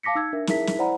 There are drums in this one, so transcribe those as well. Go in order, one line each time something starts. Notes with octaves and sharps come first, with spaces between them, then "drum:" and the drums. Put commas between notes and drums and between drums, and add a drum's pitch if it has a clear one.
F5 A5 D6 A#6 B6 C#7
D#4 E6 G#6
D4 A#4 E5
D#4 E4 G#4 A#4 E5 B6, drum: snare
drum: snare
E4 C5 D5 F#5 A#5 B5